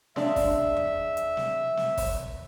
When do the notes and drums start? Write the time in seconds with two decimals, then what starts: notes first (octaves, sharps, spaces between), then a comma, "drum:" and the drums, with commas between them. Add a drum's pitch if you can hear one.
0.16 G#3 D4 E5 F5, drum: snare
0.36 drum: kick, open hi-hat
0.76 drum: tom E2
1.17 drum: hi-hat
1.37 drum: snare
1.77 drum: snare
1.97 drum: kick, open hi-hat